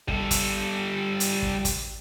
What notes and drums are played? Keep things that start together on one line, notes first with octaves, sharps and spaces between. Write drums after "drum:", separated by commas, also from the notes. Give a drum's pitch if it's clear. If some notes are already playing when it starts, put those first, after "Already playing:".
G3 A4, drum: kick
drum: kick, hi-hat
drum: hi-hat
drum: kick
drum: kick, hi-hat